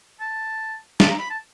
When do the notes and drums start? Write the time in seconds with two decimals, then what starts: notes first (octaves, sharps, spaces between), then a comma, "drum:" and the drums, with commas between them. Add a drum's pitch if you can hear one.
0.20 A5
1.00 A5, drum: snare
1.10 A#5
1.19 B5
1.30 A5